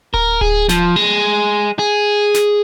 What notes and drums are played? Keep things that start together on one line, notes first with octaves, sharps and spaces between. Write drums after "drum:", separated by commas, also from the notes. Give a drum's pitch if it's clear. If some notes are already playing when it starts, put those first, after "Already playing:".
A#4, drum: kick D1
G#4, drum: kick D1
F3, drum: snare
G#3
G#4
drum: snare